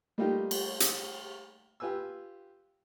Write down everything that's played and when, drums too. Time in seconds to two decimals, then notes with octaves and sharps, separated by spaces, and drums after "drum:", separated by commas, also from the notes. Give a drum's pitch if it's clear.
0.18 G3 A3 A#3 D#4 F4 G4
0.51 drum: cymbal
0.80 drum: hi-hat
1.80 F4 G4 B4 G#5 E6